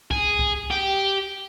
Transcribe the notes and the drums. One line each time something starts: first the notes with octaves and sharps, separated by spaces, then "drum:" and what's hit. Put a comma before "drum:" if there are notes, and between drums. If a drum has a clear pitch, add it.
G#4, drum: kick C2
drum: kick C2
G4